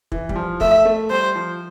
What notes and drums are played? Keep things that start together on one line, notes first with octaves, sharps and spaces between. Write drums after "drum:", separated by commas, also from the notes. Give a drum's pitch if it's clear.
E3, drum: kick
G3, drum: kick
F3
A3 E5, drum: kick
A3
G3 C5
F3